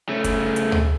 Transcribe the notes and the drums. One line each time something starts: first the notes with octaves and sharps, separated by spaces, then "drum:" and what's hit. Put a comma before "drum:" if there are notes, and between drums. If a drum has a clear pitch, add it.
C#3 A3
drum: kick, hi-hat
drum: hi-hat
drum: tom